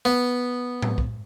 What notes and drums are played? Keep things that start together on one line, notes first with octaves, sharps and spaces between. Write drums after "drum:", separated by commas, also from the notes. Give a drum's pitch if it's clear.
B3
drum: tom A2
drum: kick